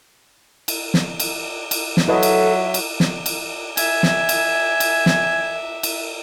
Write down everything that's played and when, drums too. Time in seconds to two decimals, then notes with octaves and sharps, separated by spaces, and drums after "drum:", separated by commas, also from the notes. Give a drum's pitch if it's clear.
0.68 drum: cymbal
0.94 drum: snare
1.20 drum: cymbal
1.71 drum: cymbal
1.97 drum: snare
2.08 F#3 E4 A4 B4 D#5 E5
2.23 drum: cymbal
2.74 drum: cymbal
3.00 drum: snare
3.26 drum: cymbal
3.77 E5 G#5, drum: cymbal
4.03 drum: snare
4.29 drum: cymbal
4.80 drum: cymbal
5.06 drum: snare
5.83 drum: cymbal